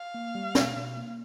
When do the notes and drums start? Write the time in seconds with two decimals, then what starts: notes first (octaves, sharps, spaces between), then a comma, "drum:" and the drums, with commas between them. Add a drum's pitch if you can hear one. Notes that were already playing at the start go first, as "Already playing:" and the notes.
Already playing: F5
0.14 A#3
0.35 G3
0.55 B2, drum: snare
0.76 B2
0.97 A#3